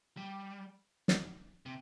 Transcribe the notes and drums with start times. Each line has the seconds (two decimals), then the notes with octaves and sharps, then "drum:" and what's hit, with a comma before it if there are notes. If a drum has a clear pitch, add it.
0.17 G3
1.08 drum: snare
1.66 C3